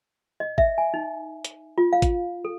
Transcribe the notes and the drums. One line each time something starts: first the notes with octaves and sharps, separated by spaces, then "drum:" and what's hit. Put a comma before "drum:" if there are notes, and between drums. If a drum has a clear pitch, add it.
D#5
E5, drum: kick G#1
G#5
D#4
drum: hi-hat
F4
F5
drum: kick G#1, hi-hat
A4